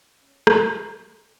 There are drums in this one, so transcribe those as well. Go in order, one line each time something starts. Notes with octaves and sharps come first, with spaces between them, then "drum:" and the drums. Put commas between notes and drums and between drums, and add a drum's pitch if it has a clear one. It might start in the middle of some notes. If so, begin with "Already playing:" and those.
C#4
drum: rim click